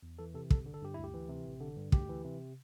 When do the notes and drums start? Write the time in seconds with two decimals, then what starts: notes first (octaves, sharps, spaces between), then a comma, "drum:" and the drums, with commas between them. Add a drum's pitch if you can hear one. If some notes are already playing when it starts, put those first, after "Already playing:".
0.03 E2
0.19 E3 A4
0.34 C3 A4
0.50 G1 A4, drum: kick
0.66 D3
0.74 A4
0.82 G2 G4
0.94 D2 E4
1.04 G4
1.14 E3
1.29 C3
1.46 A1
1.60 D3
1.76 G2
1.92 D2 G4, drum: kick
2.09 E3
2.24 C3